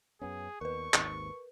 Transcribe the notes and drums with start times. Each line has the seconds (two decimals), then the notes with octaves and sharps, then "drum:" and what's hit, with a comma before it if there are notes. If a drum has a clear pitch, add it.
0.22 F#2 B3 C#4 G#4
0.61 D#2 B3 A#4 B4 C#6
0.94 G#1 D#2 G#2, drum: clap